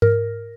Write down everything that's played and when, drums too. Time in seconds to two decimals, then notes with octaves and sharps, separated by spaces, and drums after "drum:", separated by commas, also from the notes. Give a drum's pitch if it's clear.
0.02 A#4, drum: tom G#2